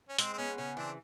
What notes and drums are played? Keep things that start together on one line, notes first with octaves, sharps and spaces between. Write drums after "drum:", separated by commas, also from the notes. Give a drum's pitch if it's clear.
C#4
G#3 C4, drum: hi-hat
C4
B3 C#4
C#3 C#4
E3 C4 D4